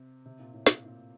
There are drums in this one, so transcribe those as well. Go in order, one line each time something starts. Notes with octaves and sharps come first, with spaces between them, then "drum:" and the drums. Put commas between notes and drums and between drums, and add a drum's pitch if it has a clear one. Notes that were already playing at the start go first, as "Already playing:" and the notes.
Already playing: C3
C3
A#2
A2
A#2, drum: snare
A#2